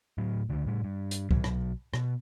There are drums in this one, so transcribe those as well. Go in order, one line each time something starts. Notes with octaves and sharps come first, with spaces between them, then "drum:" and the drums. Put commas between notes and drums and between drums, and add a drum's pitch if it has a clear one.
A2 F#3
C#2 D3
A2 G3
G2
drum: hi-hat
B1 F#3, drum: kick C2
drum: rim click
B2, drum: rim click